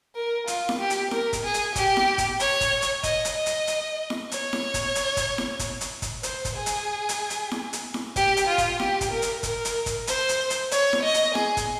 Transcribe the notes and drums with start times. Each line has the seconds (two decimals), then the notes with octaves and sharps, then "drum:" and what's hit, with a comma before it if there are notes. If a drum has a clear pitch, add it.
0.15 A#4
0.47 F4, drum: hi-hat
0.69 drum: snare E4
0.79 G4
0.90 drum: hi-hat
1.11 A#4, drum: snare E4
1.33 drum: kick, hi-hat
1.43 G#4
1.54 drum: hi-hat
1.76 G4, drum: kick, hi-hat
1.97 drum: snare E4
2.18 drum: kick, hi-hat
2.40 C#5, drum: hi-hat
2.61 drum: kick, hi-hat
2.82 drum: hi-hat
3.03 D#5, drum: kick, hi-hat
3.25 drum: hi-hat
3.35 D#5
3.46 drum: hi-hat
3.67 drum: hi-hat
4.10 drum: snare E4
4.32 C#5, drum: hi-hat
4.53 drum: snare E4
4.74 drum: kick, hi-hat
4.95 drum: hi-hat
5.17 drum: kick, hi-hat
5.38 drum: snare E4
5.59 drum: kick, hi-hat
5.81 drum: hi-hat
6.02 drum: kick, hi-hat
6.23 C5, drum: hi-hat
6.45 drum: kick, hi-hat
6.56 G#4
6.66 drum: hi-hat
7.09 drum: hi-hat
7.30 drum: hi-hat
7.51 drum: snare E4
7.73 drum: hi-hat
7.94 drum: snare E4
8.16 G4, drum: kick, hi-hat
8.37 drum: hi-hat
8.47 F4
8.58 drum: kick, hi-hat
8.80 G4, drum: snare E4
9.01 drum: kick, hi-hat
9.11 A#4
9.22 drum: hi-hat
9.43 A#4, drum: kick, hi-hat
9.65 drum: hi-hat
9.86 drum: kick, hi-hat
10.07 C5, drum: hi-hat
10.29 drum: hi-hat
10.50 drum: hi-hat
10.71 C#5, drum: hi-hat
10.93 drum: snare E4
11.03 D#5
11.14 drum: hi-hat
11.35 G#4, drum: snare E4
11.57 drum: kick, hi-hat